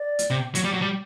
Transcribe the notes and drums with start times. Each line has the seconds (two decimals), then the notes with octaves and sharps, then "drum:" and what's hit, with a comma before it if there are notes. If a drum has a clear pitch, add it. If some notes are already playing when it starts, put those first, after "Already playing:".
Already playing: D5
0.19 drum: hi-hat
0.30 C3
0.55 F#3, drum: hi-hat
0.64 G3
0.73 F#3
0.82 G3